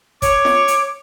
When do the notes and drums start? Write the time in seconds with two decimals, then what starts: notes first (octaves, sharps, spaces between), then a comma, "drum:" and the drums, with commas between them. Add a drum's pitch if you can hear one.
0.22 C#5 D6, drum: kick G1, hi-hat
0.45 drum: snare
0.68 drum: hi-hat